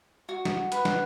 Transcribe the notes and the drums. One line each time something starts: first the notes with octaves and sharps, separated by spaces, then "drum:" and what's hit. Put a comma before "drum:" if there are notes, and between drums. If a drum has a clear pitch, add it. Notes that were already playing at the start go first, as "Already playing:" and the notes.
F#4
drum: snare
B4, drum: hi-hat
drum: snare